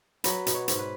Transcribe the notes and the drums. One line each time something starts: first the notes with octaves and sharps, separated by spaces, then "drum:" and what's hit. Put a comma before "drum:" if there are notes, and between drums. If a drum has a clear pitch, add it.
F#3 B4, drum: hi-hat
B2, drum: hi-hat
C#5
G#2 C#5, drum: hi-hat
B4